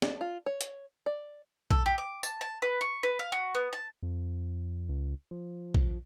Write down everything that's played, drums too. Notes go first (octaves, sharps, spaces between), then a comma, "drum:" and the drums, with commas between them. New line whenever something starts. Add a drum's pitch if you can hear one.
D4, drum: snare
F4
C#5
drum: hi-hat
D5
A4, drum: kick
G4
D6
A5, drum: tambourine
A5
B4
C#6
B4
F5
F#4
B3
A5
F2
C#2
F3
drum: kick